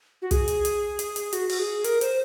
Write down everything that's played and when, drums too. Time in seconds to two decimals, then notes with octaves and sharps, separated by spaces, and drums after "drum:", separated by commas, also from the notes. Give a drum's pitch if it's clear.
0.22 F#4
0.31 G#4, drum: kick, hi-hat
0.48 drum: hi-hat
0.65 drum: hi-hat
0.99 drum: hi-hat
1.16 drum: hi-hat
1.33 F#4, drum: hi-hat
1.49 F#4, drum: open hi-hat
1.59 G#4
1.85 A#4, drum: hi-hat
2.01 C5, drum: hi-hat